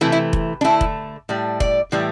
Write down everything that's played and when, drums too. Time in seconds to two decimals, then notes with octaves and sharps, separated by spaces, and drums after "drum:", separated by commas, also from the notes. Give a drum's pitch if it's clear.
0.01 C3 E3 A3 E4
0.12 E4
0.33 drum: kick F1
0.61 D4
0.64 D3 A3 E4
0.81 drum: kick F1
1.29 A2 G3
1.60 D5, drum: kick F1
1.92 A2 E3 G3